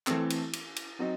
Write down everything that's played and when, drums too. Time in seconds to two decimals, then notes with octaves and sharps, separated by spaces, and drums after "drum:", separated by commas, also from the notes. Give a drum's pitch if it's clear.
0.07 E3 A3 C4, drum: clap
0.30 drum: cymbal
0.53 drum: cymbal
0.76 drum: cymbal
0.99 F#3 C4 D#4